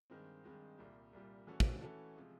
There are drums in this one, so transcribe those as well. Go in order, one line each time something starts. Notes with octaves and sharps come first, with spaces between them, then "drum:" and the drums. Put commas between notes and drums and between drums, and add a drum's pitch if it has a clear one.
G2 D#3 G#3 C4
G2 D#3 G#3 C4
C2 A#2 G3
C2 A#2 G3
E3 A3 C#4 F#4 A4
drum: kick
E3 A3 C#4 F#4 A4
C3 F3 G#3